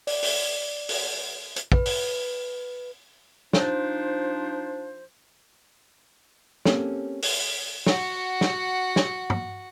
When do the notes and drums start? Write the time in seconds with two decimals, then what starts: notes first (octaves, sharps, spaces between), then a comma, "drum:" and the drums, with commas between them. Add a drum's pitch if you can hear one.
0.07 D5, drum: open hi-hat
0.22 drum: open hi-hat
0.89 drum: open hi-hat
1.56 drum: hi-hat
1.72 B4, drum: kick
1.85 drum: open hi-hat
3.53 F3 D4 D#4 C5, drum: snare
6.65 A#3 C4 C#4 G4 A4, drum: snare
7.22 drum: open hi-hat
7.86 F#4 F#5, drum: snare
8.41 drum: snare
8.96 drum: snare
9.30 drum: tom